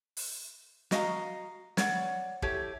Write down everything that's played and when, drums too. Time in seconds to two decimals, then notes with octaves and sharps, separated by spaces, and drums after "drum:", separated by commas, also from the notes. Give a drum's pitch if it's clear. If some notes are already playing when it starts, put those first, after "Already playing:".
0.17 drum: open hi-hat
0.91 F#4 D#5 F5 A#5, drum: snare
1.77 C#5 D5 F#5, drum: snare
2.42 E4 G4 A4 C#5, drum: kick